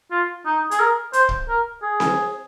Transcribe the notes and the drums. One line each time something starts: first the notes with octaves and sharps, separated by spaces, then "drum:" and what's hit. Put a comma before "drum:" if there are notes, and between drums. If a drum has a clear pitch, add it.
F4
D#4
G#4, drum: hi-hat
A#4
C5, drum: hi-hat
drum: kick
A#4
G#4
drum: snare C4